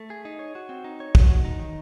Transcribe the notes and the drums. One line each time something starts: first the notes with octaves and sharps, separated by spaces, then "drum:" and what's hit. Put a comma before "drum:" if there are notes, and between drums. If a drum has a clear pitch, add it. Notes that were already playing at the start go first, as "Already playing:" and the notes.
Already playing: A3
G#4
D#4
C#5
F#4
C4
D#4
C#5
F#4, drum: kick
D#3
D#4
D#3